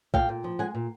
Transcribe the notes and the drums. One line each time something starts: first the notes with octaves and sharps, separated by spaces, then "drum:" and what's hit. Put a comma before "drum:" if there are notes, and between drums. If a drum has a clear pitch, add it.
A#2 F5 G5, drum: kick A#1
A#2
F3
G#3 F#5 G#5
A#2